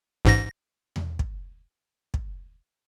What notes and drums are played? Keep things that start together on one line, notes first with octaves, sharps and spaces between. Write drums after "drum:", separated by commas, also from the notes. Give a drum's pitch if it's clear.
A1 G#2 A#6
drum: tom E2
drum: kick
drum: kick